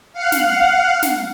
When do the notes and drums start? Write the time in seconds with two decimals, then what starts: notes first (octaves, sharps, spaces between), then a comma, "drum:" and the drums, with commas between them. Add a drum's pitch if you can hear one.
0.13 F5 F#5
0.32 drum: snare
1.03 drum: snare